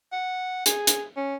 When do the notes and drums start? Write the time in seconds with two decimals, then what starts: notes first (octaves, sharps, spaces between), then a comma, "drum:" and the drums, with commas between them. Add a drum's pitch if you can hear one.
0.12 F#5
0.66 G#4, drum: hi-hat
0.87 drum: hi-hat
1.16 C#4